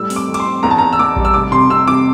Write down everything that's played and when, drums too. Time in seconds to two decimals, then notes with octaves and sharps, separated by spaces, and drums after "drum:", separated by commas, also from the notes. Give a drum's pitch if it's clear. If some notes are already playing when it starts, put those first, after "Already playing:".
Already playing: A2 G3 E6
0.10 C4, drum: open hi-hat
0.16 D6
0.28 F2
0.34 D6, drum: cymbal
0.40 C6
0.46 C4
0.63 E2 A#5
0.71 A5
0.78 E2 A#5
0.93 E6
0.99 E2 D6
1.16 G3, drum: kick A1
1.25 E6
1.34 F1 D6
1.52 C3 C6
1.70 C3 E6
1.88 C3 D6